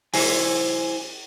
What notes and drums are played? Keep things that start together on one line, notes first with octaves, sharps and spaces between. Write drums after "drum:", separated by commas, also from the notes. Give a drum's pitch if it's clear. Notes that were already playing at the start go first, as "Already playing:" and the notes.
E4 C5 G#5, drum: open hi-hat